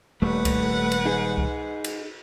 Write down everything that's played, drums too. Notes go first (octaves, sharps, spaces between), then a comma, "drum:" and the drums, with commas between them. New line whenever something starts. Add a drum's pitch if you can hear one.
D#1 D#2 G3 A3 B4 F#5
drum: kick C2, cymbal
drum: cymbal
D#4 G#4
drum: kick C2
drum: cymbal